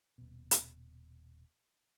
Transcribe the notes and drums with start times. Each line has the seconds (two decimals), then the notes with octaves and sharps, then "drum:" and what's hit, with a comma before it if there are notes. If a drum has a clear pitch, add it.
0.18 D#1 B2
0.51 drum: hi-hat